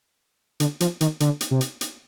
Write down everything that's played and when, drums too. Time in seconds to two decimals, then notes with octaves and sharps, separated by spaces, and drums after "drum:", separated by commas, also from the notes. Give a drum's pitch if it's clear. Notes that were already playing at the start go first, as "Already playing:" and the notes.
0.60 D3, drum: hi-hat
0.80 F3, drum: hi-hat
1.01 D#3, drum: hi-hat
1.20 D3, drum: hi-hat
1.41 drum: hi-hat
1.51 C3
1.61 drum: hi-hat
1.81 drum: hi-hat